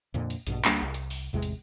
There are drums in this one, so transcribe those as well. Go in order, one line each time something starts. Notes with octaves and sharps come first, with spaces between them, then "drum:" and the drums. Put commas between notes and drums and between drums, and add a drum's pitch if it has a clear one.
F2 A#2 D3
drum: hi-hat
A#1 G2 B2, drum: hi-hat
D2 G3 A#3 D4, drum: clap
C2
drum: hi-hat
drum: open hi-hat
A1 E2 C3 G#3
drum: hi-hat